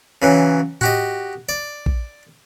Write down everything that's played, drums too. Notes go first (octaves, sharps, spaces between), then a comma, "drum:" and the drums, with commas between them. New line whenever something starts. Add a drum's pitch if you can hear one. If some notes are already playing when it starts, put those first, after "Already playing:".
C#3 E3 F#3
F#4 G4 D#5, drum: tom A2
D5
drum: kick A#1